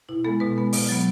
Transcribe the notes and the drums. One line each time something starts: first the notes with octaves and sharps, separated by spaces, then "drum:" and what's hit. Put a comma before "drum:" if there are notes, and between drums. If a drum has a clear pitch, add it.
B2 E4
G#3 B3 A4
B2 B4
G#3 B3
B2, drum: open hi-hat
F#3 B3